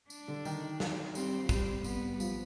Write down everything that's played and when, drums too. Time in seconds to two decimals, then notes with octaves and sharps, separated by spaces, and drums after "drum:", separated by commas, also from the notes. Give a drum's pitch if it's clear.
0.10 D4, drum: tambourine
0.28 D3
0.45 D#3, drum: tambourine
0.80 drum: snare
1.15 G3 C4, drum: tambourine
1.44 F3
1.49 G3 C4, drum: kick, tambourine
1.84 B3, drum: tambourine
2.13 G3
2.20 F3, drum: tambourine